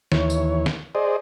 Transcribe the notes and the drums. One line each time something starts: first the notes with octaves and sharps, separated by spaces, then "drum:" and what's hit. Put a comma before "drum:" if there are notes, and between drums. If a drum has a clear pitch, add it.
D#2 E3 C#5, drum: snare
drum: tambourine
drum: snare
G#4 C5 D5 D#5